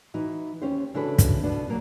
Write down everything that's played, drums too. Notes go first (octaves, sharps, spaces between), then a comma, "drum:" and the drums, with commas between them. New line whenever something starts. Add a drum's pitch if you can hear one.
E3 D#4 F#4
D#2 C#4 G4 C5
C#3 E3 D4 F#4 A4 B4
drum: kick, hi-hat
B2 B3 D4 F#4
F#3 A#3 D4 F#4